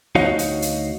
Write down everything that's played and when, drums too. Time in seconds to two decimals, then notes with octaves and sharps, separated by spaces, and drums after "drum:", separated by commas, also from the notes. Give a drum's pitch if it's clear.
0.15 D2 D#4 F#4 C#5 D#5 F5, drum: snare
0.39 drum: hi-hat
0.62 drum: hi-hat